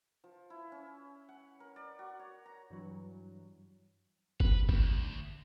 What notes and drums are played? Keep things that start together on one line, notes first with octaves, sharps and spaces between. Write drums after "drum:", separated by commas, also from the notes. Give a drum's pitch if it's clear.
F3
E4
C#4
F#5
A#4
D5
F#4
C#5
A#5
G2 E3 F#3
B4, drum: kick
D2, drum: kick